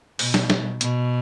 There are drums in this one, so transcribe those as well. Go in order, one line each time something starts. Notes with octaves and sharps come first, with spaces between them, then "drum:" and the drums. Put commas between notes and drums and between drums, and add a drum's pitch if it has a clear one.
B2, drum: open hi-hat
drum: snare
drum: snare
B2, drum: hi-hat